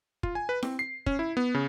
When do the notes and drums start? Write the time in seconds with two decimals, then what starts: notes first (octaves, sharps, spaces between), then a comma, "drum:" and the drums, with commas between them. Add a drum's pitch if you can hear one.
0.23 F4, drum: kick
0.35 G#5
0.49 B4
0.63 C4, drum: snare E4
0.79 C7
1.06 C#4, drum: kick
1.19 E4
1.37 B3
1.54 C#3